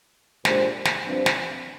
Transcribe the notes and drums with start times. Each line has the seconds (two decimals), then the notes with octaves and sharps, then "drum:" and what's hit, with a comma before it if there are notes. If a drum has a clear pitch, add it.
0.45 A#2 G#3 D4 G4 C5, drum: snare
0.85 drum: snare
1.05 G2 F3 C4
1.26 drum: snare